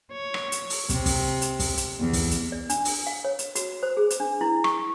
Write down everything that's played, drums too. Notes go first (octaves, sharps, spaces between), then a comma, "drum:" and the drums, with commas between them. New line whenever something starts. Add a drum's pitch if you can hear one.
C#5
drum: rim click
drum: hi-hat
drum: open hi-hat
C3, drum: kick, hi-hat
drum: kick, open hi-hat
drum: hi-hat
drum: kick, open hi-hat
drum: hi-hat
E2
drum: kick, open hi-hat
drum: hi-hat
D5
D4, drum: hi-hat
drum: open hi-hat
F5
C#5
drum: hi-hat
F#4, drum: hi-hat
C5
G#4
drum: hi-hat
D4
E4
C#6, drum: rim click